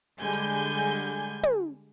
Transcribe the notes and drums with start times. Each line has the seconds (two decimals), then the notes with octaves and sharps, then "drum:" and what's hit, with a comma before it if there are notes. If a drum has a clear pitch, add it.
0.20 D3 G3 G#3 G#5 G6
0.33 drum: hi-hat
1.43 drum: tom